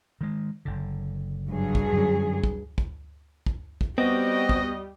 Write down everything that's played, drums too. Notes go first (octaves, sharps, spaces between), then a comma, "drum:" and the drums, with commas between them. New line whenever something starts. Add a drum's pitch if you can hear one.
D#3 G#3
F#1 D3
G2 F#3 G#4
drum: kick
F#2 D3 C#4
drum: kick
drum: kick
drum: kick
drum: kick
G3 B3 C4 F#4 G4 D#5
drum: kick